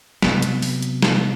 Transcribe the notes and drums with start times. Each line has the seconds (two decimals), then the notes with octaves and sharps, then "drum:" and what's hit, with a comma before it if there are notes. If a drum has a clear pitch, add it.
0.22 C3 F#3 B3, drum: snare
0.42 drum: hi-hat
0.62 drum: open hi-hat
0.82 drum: hi-hat
1.02 drum: snare